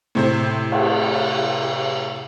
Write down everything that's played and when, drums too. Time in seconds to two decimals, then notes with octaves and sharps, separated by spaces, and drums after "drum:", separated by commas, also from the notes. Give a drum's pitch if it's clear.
0.15 A2 C3 C5
0.72 drum: cymbal